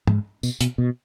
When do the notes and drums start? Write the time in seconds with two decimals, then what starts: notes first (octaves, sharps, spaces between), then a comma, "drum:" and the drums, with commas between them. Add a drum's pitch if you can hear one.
0.07 G#2, drum: tom
0.43 B2, drum: tambourine
0.61 B2, drum: hi-hat
0.78 B2